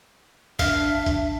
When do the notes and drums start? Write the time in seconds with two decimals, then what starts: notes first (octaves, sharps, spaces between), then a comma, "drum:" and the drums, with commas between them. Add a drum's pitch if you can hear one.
0.59 D4 E5 F5, drum: kick G#1, open hi-hat
1.06 drum: kick G#1, hi-hat